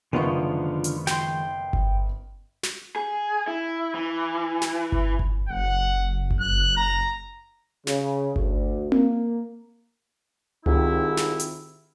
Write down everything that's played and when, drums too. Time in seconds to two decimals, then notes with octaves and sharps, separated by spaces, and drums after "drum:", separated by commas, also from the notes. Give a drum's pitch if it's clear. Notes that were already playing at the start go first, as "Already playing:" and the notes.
0.13 F#1 D3 D#3 F3 G#3 B3 F4 C#6
0.84 drum: hi-hat
1.07 G5 C6, drum: snare
1.73 drum: kick G1
2.63 drum: snare
2.96 G#4
3.48 E4
3.95 E3
4.62 drum: snare
4.92 drum: kick G1
5.19 drum: kick G1
5.49 F#1 F#5
6.31 drum: kick G1
6.40 F#6
6.77 A#5
7.87 C#3, drum: snare
8.36 D2, drum: kick G1
8.92 A#3, drum: tom C4
10.66 C2 G#2 D#3 C4 E4 F4, drum: tom C#2
11.17 drum: snare
11.40 drum: hi-hat